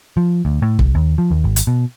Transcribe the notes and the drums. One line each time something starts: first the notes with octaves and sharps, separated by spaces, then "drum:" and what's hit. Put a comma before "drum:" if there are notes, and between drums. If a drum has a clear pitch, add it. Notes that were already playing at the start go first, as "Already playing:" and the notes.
F3
D2
A2
C2, drum: kick
D#2
F3
D#2
G#1
drum: hi-hat
B2